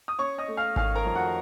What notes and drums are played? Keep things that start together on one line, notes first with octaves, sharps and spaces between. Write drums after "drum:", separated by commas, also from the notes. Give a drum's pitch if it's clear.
D#6
C#4 C#5 C#6
D#5 D#6
A3
F5 F6
D#3 F5 F6, drum: kick G#1
A#4 A#5
F2
F#4 F#5